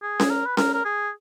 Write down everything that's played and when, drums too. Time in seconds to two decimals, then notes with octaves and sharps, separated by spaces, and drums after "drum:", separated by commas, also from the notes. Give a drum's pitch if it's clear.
0.02 G#4
0.20 drum: snare C#4
0.30 A#4
0.46 B4
0.57 A#4, drum: snare C#4
0.74 A#4
0.85 G#4